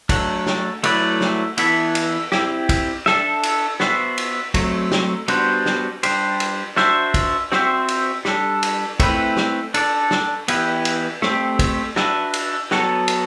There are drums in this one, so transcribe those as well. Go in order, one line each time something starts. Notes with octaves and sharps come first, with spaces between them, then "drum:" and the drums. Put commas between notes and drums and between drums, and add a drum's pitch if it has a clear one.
F#3 A3 D4, drum: kick, cymbal
drum: snare
F#3 A3 E4 B4 D5, drum: cymbal
drum: snare
E3 B3 E4 A4 E5, drum: cymbal
drum: cymbal
C4 E4 G4, drum: snare
drum: kick, cymbal
D4 A4 E5, drum: snare
drum: cymbal
B3 F#4 C5 E5, drum: snare
drum: cymbal
F#3 A3 C4, drum: kick, cymbal
drum: snare
G3 B3 D4 F#4 C5, drum: cymbal
drum: snare
G3 D4 G4 C5, drum: cymbal
drum: cymbal
D4 F#4 C5 E5, drum: snare
drum: kick, cymbal
C4 F#4 C5 E5, drum: snare
drum: cymbal
G3 D4 A4, drum: snare
drum: cymbal
A3 C4 E4 B4, drum: kick, cymbal
drum: snare
D4 A4 D5, drum: cymbal
drum: snare
E3 B3 E4 G4 B4, drum: cymbal
drum: cymbal
A3 C4 G4, drum: snare
drum: kick, cymbal
D4 F#4 B4 E5, drum: snare
drum: cymbal
F#3 B3 F#4 A4, drum: snare
drum: cymbal